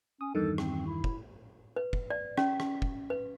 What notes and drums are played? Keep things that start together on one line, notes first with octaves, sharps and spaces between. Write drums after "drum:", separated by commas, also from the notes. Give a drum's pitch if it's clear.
C#4 D#6
E2 G2 D#3 A4
C4, drum: rim click
E4
drum: kick
B4
drum: kick
D5
C#4, drum: rim click
drum: rim click
drum: kick
B4